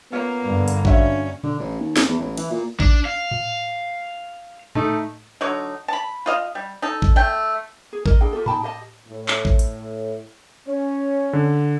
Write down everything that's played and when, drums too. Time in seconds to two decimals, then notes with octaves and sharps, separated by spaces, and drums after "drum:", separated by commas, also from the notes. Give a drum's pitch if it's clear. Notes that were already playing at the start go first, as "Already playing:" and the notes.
0.12 A#3 B3 C#4 F4
0.43 G2 D3
0.68 drum: hi-hat
0.85 C#4 D4 F#4 E5 F5, drum: kick A1
1.44 D3, drum: tom A#2
1.60 A1
1.80 D#2
1.97 F1, drum: snare
2.09 E2
2.20 A1
2.37 E3, drum: cymbal
2.51 A#2
2.80 D4, drum: kick A1
3.05 F5
3.31 drum: tom A2
4.75 A3 D#4, drum: tom A2
5.41 D3 F#3 D#4 C#5
5.88 A5 B5
6.26 F4 D#5 F5
6.55 G3
6.82 D#4 A4
7.02 drum: kick A1
7.16 A3 G5
7.93 G#4
8.06 A#4 D#5, drum: kick A1
8.21 D4 E4 G#4 G5
8.33 F4 G4 A4
8.46 D#4 G5 A5 B5, drum: tom A2
8.63 G4 D#5 E5 A5
9.09 A2
9.28 drum: clap
9.45 drum: kick A1
9.59 drum: hi-hat
10.68 C#4
11.33 D3